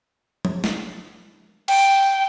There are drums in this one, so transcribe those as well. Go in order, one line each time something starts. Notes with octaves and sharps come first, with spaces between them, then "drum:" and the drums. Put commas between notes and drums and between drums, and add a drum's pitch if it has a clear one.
drum: tom F3
drum: snare
G5, drum: cymbal